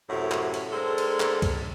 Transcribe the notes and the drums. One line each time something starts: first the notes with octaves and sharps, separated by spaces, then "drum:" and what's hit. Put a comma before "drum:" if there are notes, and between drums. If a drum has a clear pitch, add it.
F#2 A2 C3 F#4 F#5
drum: clap
drum: cymbal
G#3 C4 D4 A4 A#4
drum: cymbal
drum: clap
drum: kick, cymbal